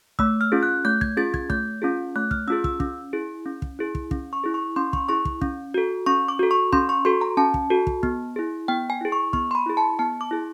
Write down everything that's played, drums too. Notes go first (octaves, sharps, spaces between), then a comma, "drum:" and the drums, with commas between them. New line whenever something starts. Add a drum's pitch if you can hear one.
A3 E6, drum: kick
F6
C#4 F4 G#4
F#6
A3 G6
G#6, drum: kick
C#4 F4 G#4 A6
G#6, drum: kick
A3 G6, drum: kick
C#4 F4 G#4
A3 F#6
F6, drum: kick
C#4 F4 G#4 E6
E6, drum: kick
C#4, drum: kick
E4 G#4
C#4
drum: kick
E4 G#4
drum: kick
C#4, drum: kick
C#6
E4 G#4
C#6
C#4 C6
C#6, drum: kick
E4 G#4 C#6
drum: kick
C#4, drum: kick
F#4 A4
C#4 C#6
D6
F#4 A4
C#6
C#4 C6, drum: kick
C#6
F#4 A4 C6
A#5
C#4 A5
drum: kick
F#4 A4
drum: kick
B3, drum: kick
E4 G#4
B3 G5
G#5
E4 G#4
C#6
B3 C#6, drum: kick
C6
B5
E4 G#4
A5
B3 A5
D6
E4 G#4